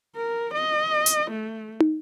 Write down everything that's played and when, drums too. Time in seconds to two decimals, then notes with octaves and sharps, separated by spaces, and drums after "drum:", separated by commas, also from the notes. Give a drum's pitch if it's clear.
0.16 A#4
0.54 D#5
1.06 drum: hi-hat
1.31 A3
1.80 drum: tom